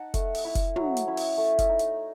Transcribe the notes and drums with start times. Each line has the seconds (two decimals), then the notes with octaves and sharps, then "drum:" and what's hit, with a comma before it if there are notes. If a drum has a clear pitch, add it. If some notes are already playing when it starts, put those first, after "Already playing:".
Already playing: D#4 F#5 A5
0.14 A3, drum: kick F1, hi-hat
0.35 drum: open hi-hat
0.45 E4
0.55 drum: kick F1, hi-hat
0.76 F#3, drum: tom
0.97 drum: hi-hat
1.07 C#4 E4
1.17 drum: open hi-hat
1.38 A3
1.59 drum: kick F1, hi-hat
1.69 D#4
1.79 drum: hi-hat